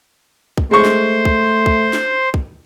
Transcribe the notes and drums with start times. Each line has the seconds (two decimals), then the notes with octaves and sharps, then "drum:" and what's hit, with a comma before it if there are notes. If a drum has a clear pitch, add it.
0.58 drum: kick
0.71 G#3 A3 C5 C#6
0.85 drum: snare
1.25 drum: kick
1.66 drum: kick
1.93 drum: snare
2.34 drum: kick